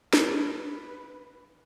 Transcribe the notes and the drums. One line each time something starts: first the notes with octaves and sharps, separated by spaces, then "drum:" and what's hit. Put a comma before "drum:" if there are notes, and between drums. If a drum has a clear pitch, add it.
B4, drum: snare
B4